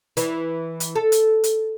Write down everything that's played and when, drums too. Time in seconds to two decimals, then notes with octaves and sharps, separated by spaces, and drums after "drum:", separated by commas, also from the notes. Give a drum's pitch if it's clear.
0.17 E3, drum: hi-hat
0.80 drum: hi-hat
0.95 A4
1.12 drum: hi-hat
1.44 drum: hi-hat